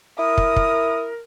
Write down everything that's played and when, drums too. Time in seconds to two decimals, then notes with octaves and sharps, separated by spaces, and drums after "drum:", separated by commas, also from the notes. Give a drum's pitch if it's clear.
0.19 E4 A#4 D#6
0.38 drum: kick
0.56 drum: kick